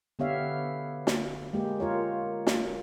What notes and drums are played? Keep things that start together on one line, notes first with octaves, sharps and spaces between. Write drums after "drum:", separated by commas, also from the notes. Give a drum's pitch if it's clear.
D3 B3 G4 C#5 E5 F5
drum: snare
G#3 A#3 G4
F4 A#4 C#5
drum: snare